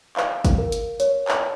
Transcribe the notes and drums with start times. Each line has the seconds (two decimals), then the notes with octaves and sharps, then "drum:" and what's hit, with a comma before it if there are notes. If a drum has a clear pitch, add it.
0.17 F5, drum: clap
0.45 drum: kick, hi-hat
0.58 A#4
0.72 drum: hi-hat
1.00 C#5, drum: hi-hat
1.28 drum: clap